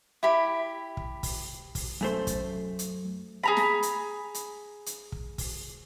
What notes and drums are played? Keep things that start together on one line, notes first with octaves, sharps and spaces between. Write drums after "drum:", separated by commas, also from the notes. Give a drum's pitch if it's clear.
E4 G4 B5
drum: kick
drum: kick, open hi-hat
drum: kick, open hi-hat
F#2 A3 C5
drum: kick, hi-hat
drum: hi-hat
G#4 A#5 B5
drum: snare
drum: hi-hat
drum: hi-hat
drum: hi-hat
drum: kick
drum: kick, open hi-hat